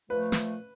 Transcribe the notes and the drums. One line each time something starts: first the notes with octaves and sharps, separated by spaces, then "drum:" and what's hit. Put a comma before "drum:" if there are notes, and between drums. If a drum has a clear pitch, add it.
A#2 F3 A3 B4
drum: snare